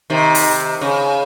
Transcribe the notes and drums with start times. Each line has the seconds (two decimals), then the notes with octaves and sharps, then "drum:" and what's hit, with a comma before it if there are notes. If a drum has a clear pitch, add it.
0.10 C3 D#3
0.35 drum: open hi-hat
0.81 C#3